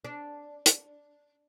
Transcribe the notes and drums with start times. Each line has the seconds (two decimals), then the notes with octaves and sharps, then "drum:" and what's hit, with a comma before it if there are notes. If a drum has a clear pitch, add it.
0.04 D4
0.66 drum: hi-hat